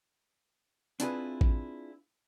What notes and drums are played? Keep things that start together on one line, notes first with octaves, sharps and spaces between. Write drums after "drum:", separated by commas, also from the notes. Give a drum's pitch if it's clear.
C4 D4 E4 F4 G#4 B4, drum: hi-hat
drum: kick A1